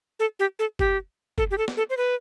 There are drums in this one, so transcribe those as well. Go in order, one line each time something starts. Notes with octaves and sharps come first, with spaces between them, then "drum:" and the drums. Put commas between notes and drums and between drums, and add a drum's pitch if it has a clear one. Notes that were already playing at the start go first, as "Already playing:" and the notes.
A4
G4
A4
G4, drum: kick F#1
A4, drum: kick F#1
G4
A4
drum: snare
A4
C5
B4